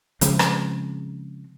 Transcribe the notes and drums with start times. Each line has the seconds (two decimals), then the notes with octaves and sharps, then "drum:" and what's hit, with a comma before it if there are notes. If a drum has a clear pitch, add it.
0.21 C#3 F3 G#3 C4, drum: hi-hat
0.39 drum: rim click